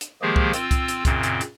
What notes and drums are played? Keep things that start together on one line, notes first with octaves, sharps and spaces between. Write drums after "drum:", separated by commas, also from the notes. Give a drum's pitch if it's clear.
drum: hi-hat
D#3 F3 G#3 A#3 G4 G#4
drum: kick C2
C4 F4 E6, drum: hi-hat
drum: kick C2, hi-hat
drum: hi-hat
F#2 A#2 C#3 C4, drum: kick C2, hi-hat
drum: hi-hat
drum: hi-hat